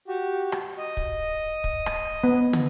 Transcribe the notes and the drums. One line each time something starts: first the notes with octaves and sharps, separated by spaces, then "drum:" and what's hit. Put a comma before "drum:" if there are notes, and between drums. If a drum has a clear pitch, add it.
F#4 G4
drum: rim click
D#5
drum: kick
drum: kick
drum: rim click
B3
drum: tom